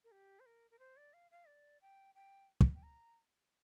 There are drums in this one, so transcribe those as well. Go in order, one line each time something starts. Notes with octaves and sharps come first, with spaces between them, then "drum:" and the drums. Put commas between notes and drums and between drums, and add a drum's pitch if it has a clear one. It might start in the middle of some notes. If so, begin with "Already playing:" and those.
A#4
G4
C5
A#4
A#4
C5
D5
F5
F5
D5
G5
G5
drum: kick
G5
A#5